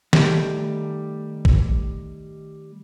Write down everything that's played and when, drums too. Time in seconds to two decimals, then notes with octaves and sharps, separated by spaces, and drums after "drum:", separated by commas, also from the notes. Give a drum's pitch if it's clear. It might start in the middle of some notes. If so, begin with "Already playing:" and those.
0.13 D#3 G3 A3 G4, drum: snare
1.45 drum: kick